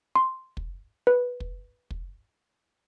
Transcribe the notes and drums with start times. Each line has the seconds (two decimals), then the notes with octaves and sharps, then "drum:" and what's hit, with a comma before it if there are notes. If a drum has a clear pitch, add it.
0.16 C6
0.57 drum: kick
1.07 B4
1.40 drum: kick
1.90 drum: kick